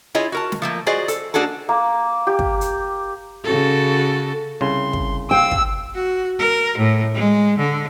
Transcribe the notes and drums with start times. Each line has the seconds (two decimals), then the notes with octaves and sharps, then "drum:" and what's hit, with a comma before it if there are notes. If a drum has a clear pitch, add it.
0.15 E4 F4 G#4 C#5 D#5
0.32 F#4 A#4 A5
0.52 drum: snare
0.62 F3 A3 A#3
0.86 F4 F#4 G#4 C5 D5 D#5
1.08 A4, drum: hi-hat
1.34 A#3 D4 F#4 G#4 A4
1.69 A#3
2.27 G4
2.39 drum: kick
2.61 drum: hi-hat
3.44 C#3 F#4 A4
4.61 C2 C#3 C6
4.93 drum: kick
5.31 F5 G5 E6
5.51 drum: kick
5.95 F#4
6.39 A#4
6.77 A2
7.14 G#3
7.58 D3